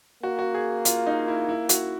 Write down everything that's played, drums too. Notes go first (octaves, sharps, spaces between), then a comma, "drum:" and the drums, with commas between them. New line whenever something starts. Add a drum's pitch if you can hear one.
A#3 F#4
F#4
G#4
F4, drum: hi-hat
D#4
E4
E4
F#4, drum: hi-hat